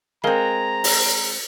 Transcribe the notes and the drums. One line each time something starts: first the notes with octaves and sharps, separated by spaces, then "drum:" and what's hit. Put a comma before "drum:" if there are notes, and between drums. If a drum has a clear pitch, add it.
G#3 C4 A#4 F5 A#5
drum: open hi-hat